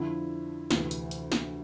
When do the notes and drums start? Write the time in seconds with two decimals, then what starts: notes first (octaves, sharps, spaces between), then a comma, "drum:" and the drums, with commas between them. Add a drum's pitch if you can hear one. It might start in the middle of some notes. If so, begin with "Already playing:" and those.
Already playing: F2 D3 F3 E4
0.71 D2 C3 E3, drum: snare
0.91 drum: hi-hat
1.11 drum: hi-hat
1.32 drum: snare